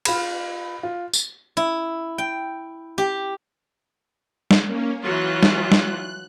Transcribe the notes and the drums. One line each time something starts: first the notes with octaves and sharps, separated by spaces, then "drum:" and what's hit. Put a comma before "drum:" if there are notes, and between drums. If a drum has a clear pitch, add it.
F4 B5, drum: cymbal
F4
drum: tambourine
E4
G5
G4
drum: snare
A#3 C#4
E3 F#3 F4 F#6
drum: snare
drum: snare